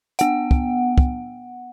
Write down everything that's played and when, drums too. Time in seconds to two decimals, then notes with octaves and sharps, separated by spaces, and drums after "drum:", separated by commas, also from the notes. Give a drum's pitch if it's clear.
0.19 B3 F#5, drum: hi-hat
0.51 drum: kick
0.98 drum: kick